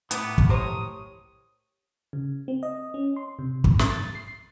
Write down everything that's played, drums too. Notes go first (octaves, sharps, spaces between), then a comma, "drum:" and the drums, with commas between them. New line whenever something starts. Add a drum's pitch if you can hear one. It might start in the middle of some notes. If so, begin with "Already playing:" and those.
A2 B3 D6 D#6, drum: hi-hat
drum: kick
G4 A#4 C5 C#5 D#6
C#3
C4
D#5
C#4
C6
C3
G#2, drum: kick
drum: snare
A6
C7